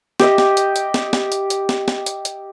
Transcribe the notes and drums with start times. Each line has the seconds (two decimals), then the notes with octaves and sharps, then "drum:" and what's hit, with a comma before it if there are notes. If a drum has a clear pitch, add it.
0.20 G4 D#5 E5, drum: snare
0.38 drum: snare
0.57 drum: hi-hat
0.76 drum: hi-hat
0.94 drum: snare
1.13 drum: snare
1.32 drum: hi-hat
1.50 drum: hi-hat
1.69 drum: snare
1.88 drum: snare
2.06 drum: hi-hat
2.25 drum: hi-hat